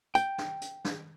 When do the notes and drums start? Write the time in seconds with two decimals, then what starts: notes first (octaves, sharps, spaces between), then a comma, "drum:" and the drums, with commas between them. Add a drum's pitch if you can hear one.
0.15 G5, drum: hi-hat
0.38 drum: snare
0.61 drum: hi-hat
0.85 drum: snare